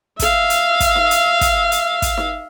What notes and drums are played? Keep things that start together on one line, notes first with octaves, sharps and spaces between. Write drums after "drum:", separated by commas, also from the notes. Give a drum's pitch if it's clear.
E5 F5, drum: kick, hi-hat
drum: hi-hat
drum: kick, hi-hat
drum: snare D#4
drum: hi-hat
drum: kick, hi-hat
drum: hi-hat
drum: kick, hi-hat
drum: snare D#4